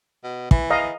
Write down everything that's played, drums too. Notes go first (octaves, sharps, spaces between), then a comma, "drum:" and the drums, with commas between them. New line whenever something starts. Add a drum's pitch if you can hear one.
B2
E3, drum: kick
D#5 F5 A#5